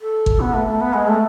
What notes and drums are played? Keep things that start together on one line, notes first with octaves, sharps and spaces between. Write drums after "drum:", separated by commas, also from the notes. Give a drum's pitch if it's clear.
A4
drum: kick
B3
A3
A3
B3
G#3
A3